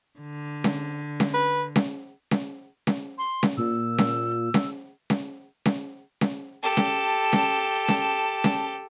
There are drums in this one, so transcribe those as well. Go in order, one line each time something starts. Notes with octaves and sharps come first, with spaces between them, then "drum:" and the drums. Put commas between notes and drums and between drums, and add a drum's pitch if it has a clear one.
D3
drum: snare C#4
drum: snare C#4
B4
drum: snare C#4
drum: snare C#4
drum: snare C#4
C6
drum: snare C#4
A#2 E6
drum: snare C#4
drum: snare C#4
drum: snare C#4
drum: snare C#4
drum: snare C#4
G4 A4 A5
drum: snare C#4
drum: snare C#4
drum: snare C#4
drum: snare C#4